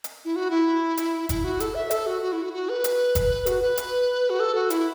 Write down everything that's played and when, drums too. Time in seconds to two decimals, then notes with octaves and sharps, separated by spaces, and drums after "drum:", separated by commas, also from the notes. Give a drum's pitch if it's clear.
0.04 drum: hi-hat
0.25 E4
0.36 F#4
0.50 E4
0.97 drum: hi-hat
1.29 E4, drum: kick F#1, hi-hat
1.44 F#4
1.60 A4, drum: hi-hat
1.75 E5
1.90 A4, drum: hi-hat
2.07 F#4
2.22 F#4
2.32 E4
2.42 F#4
2.53 F#4
2.69 B4
2.84 drum: hi-hat
3.15 drum: kick F#1, hi-hat
3.46 F#4, drum: hi-hat
3.62 B4
3.77 drum: hi-hat
4.30 F#4
4.40 A4
4.55 F#4
4.70 E4, drum: hi-hat